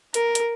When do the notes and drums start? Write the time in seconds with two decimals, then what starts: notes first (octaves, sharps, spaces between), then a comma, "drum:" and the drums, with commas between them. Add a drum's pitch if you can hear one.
0.14 A#4, drum: hi-hat
0.35 drum: hi-hat